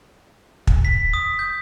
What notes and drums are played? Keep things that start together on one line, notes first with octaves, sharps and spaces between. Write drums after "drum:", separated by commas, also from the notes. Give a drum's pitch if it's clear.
drum: kick
B6
D#6
G6